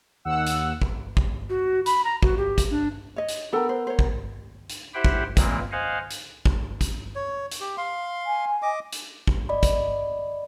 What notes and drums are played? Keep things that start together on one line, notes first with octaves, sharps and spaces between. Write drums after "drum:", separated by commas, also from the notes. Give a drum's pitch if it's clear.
D#2 F#5 E6
drum: hi-hat
drum: kick
drum: kick
F#4
B5, drum: hi-hat
A#5
F#4, drum: kick
G4
drum: kick, hi-hat
D4
C#5 D#5
drum: hi-hat
B3 D4 A4 A#4 G5
C5
C5 C#5
drum: kick
drum: hi-hat
E4 G4 C5 E5 F#5 G5
drum: kick
A#2 E3 G#3 A#3 C4, drum: kick, hi-hat
C5 D#5 F5 F#5 G#5
drum: hi-hat
drum: kick
drum: kick, hi-hat
C#5
drum: hi-hat
G4
F5 C6
G#5
D#5 D6
drum: hi-hat
drum: kick
D5 D#5 B5
drum: kick, hi-hat